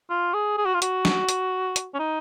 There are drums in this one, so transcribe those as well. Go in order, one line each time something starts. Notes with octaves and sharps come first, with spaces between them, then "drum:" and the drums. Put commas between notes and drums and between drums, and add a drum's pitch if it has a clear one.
F4
G#4
G#4
F#4
F4
F#4, drum: hi-hat
drum: snare
drum: hi-hat
drum: hi-hat
C#4
D#4